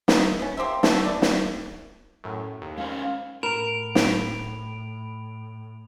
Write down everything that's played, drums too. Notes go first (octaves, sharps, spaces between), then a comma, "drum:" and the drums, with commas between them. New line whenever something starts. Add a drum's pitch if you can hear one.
B3 D#4 E4, drum: snare
B3 C#4
A#3 G4 C5 E5
A3 B3 F#4, drum: snare
D3 E3 D5
drum: snare
F#2 A2
D#2
G#3 C#4 C5 F5
A2 A#4 B5 D7 F7
drum: snare